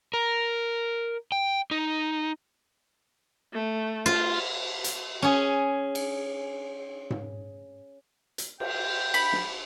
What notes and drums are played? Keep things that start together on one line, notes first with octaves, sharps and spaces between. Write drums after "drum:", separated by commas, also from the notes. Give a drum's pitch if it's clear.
A#4
G5
D#4
A3
F4, drum: cymbal
drum: hi-hat
C#4 G#4
drum: cymbal
drum: tom G#2
drum: hi-hat
G5, drum: cymbal
B5, drum: cymbal
drum: snare